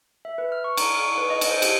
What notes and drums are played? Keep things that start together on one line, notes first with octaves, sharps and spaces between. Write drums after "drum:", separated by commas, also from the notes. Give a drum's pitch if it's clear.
E5
B4
F6
C#6
A#5, drum: cymbal
F6
C#6
B4
D#5
drum: cymbal
C5
G4, drum: cymbal